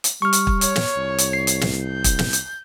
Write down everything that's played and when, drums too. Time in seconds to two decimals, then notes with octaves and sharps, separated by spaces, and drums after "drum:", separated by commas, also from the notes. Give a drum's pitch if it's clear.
0.04 drum: hi-hat
0.22 G3 C#6 F6
0.33 drum: hi-hat
0.47 drum: kick
0.61 C#5, drum: hi-hat
0.76 drum: snare
0.97 C2
1.18 drum: hi-hat
1.33 C7
1.47 drum: hi-hat
1.61 drum: snare
1.83 G6
2.04 drum: kick, hi-hat
2.19 drum: snare
2.33 drum: hi-hat